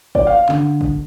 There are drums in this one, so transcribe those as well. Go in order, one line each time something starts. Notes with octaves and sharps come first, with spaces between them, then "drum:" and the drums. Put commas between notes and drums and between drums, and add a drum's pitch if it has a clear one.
D5, drum: kick
F5
D3, drum: clap
drum: kick